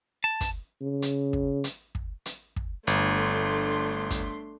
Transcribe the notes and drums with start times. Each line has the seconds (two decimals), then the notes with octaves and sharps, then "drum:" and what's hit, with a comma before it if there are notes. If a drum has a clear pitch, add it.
0.24 A5
0.41 drum: kick, hi-hat
0.82 C#3
1.02 drum: hi-hat
1.33 drum: kick
1.64 drum: hi-hat
1.95 drum: kick
2.26 drum: hi-hat
2.56 drum: kick
2.87 G1 A3 D4 C6, drum: hi-hat
4.11 drum: kick, hi-hat